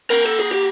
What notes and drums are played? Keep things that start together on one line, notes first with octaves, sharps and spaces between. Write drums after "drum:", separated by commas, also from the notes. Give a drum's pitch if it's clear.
A#4, drum: cymbal
A4
G#4
G4